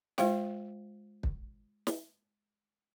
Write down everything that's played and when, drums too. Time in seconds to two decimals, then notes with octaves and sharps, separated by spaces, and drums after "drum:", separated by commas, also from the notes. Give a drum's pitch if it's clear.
0.18 G#3 F4 C5 F5 G5, drum: snare
1.23 drum: kick
1.87 drum: snare